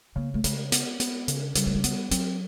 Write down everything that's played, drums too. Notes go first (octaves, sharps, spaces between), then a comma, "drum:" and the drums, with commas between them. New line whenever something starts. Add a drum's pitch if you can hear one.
C#3 A#3
A3
C#3 G#3, drum: hi-hat
B3, drum: hi-hat
B3, drum: hi-hat
C#3, drum: hi-hat
C#3 G3, drum: hi-hat
A3
G#3
G3 B3, drum: hi-hat
F#3 C4, drum: hi-hat